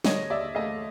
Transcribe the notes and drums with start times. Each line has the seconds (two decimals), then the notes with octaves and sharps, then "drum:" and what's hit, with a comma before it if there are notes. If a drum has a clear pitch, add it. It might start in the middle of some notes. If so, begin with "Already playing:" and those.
0.05 D3 C#5 D#5, drum: snare
0.30 D#2 D5 E5
0.55 A3 D#5 F5